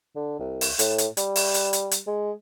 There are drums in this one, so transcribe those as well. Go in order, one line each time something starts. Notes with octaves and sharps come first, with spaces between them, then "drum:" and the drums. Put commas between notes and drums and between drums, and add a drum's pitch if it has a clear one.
D3
C2
drum: open hi-hat
A2, drum: hi-hat
drum: hi-hat
G3, drum: hi-hat
drum: open hi-hat
drum: hi-hat
drum: hi-hat
drum: hi-hat
G#3